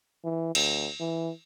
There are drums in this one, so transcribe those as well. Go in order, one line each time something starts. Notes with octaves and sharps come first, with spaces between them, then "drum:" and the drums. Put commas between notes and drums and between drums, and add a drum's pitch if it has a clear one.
E3
D2, drum: cymbal
E3